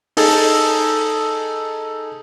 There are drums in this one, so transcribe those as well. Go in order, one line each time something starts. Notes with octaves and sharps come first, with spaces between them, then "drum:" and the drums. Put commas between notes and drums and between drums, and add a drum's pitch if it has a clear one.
D#4 G#4 A4, drum: open hi-hat